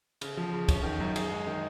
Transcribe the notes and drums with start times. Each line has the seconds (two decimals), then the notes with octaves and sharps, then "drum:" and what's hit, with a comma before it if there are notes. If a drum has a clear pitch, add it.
0.21 C#3, drum: cymbal
0.37 F3
0.53 C#3
0.68 C#4, drum: kick, cymbal
0.83 D#3
1.00 F#2
1.16 G#4, drum: cymbal
1.31 G#3
1.47 D#3